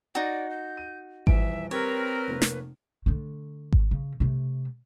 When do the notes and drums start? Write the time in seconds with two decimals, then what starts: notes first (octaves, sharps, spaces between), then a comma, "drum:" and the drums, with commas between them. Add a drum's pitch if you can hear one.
0.15 D#4 F#4 D5
0.51 G6
0.77 D#7
1.27 D#1 E3 E5 D7, drum: kick G#1
1.71 C4 G4 A#4 B4 C#5
2.28 F1 A#3
2.42 drum: snare
3.06 D3 A3
3.72 drum: kick G#1
3.91 C#3
4.20 C3 A3